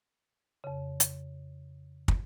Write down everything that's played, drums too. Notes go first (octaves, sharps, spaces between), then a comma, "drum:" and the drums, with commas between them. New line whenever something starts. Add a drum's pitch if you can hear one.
F2 C#3
drum: hi-hat
drum: kick